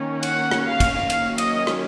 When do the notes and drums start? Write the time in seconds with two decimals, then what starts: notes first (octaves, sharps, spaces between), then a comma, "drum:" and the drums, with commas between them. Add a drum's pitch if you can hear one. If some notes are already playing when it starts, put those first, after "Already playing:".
Already playing: D#3 A#3 C#4
0.23 F#5, drum: cymbal
0.51 drum: rim click
0.66 F5
0.80 drum: kick, cymbal
1.10 D#3 F#3 A#3 C#4 F5, drum: cymbal
1.38 D#5, drum: cymbal
1.67 drum: rim click